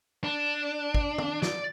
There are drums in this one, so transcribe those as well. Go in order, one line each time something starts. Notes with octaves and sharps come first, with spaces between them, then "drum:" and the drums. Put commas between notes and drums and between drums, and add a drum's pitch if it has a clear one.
D4
drum: kick G#1
drum: tom
D5, drum: snare